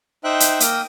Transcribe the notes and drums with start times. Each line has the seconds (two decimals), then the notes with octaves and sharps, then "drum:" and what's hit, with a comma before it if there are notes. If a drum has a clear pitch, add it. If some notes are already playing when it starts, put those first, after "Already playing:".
0.24 D#4 C5 E5 G5 F#6
0.40 drum: hi-hat
0.60 A#3 G5 D#6, drum: hi-hat